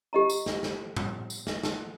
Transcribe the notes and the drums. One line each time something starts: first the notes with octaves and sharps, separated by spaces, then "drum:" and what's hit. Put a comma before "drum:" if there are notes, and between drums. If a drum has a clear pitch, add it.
G4 D#5 A#5
drum: tambourine
drum: snare
drum: snare
drum: tom A2
drum: tambourine
drum: snare
drum: snare